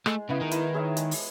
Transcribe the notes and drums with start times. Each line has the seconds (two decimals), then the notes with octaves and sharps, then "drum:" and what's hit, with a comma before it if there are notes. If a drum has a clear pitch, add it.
0.06 G#3 A3, drum: rim click
0.29 C#3 B3 E4
0.40 D#3
0.51 E4, drum: hi-hat
0.74 G#4 C#5 E5
0.97 G#3, drum: hi-hat
1.11 drum: open hi-hat